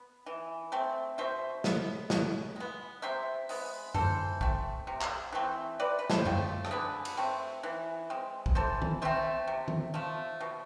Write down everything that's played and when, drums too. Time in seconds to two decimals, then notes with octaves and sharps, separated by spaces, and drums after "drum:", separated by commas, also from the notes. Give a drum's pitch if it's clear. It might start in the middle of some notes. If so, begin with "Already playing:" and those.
Already playing: B3
0.26 E3
0.72 A3 C4
1.18 B2 C5 E5
1.64 B3, drum: snare
2.10 B2, drum: snare
2.56 G#3 B3
3.02 C3 C5 E5
3.49 G#3 B3, drum: open hi-hat
3.94 E3 A4 C5, drum: tom F#2
4.41 A3 C4, drum: kick B1
4.87 C3
5.01 drum: clap
5.32 E3 A3 C4
5.80 C3 B4 D5
5.99 B4
6.10 A4 C5, drum: snare
6.25 F3 A3 C4, drum: tom F#2
6.65 A4, drum: rim click
6.71 D3 G#4 B4
7.05 drum: cymbal
7.17 A3 C4
7.63 E3
8.10 G#3 C4
8.46 drum: kick B1
8.55 E3 A4 C5
8.82 drum: tom D#3
9.02 A3 C4 C5 E5
9.47 C3
9.68 drum: tom D#3
9.94 F3 A3 E5
10.40 B2